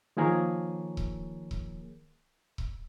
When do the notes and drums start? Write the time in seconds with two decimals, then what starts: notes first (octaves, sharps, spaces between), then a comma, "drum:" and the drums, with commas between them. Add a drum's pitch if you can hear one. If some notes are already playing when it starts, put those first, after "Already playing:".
0.17 D#3 F3 A#3 G#4 A#4 C#5
0.97 drum: kick C#1
1.51 drum: kick C#1
2.58 drum: kick C#1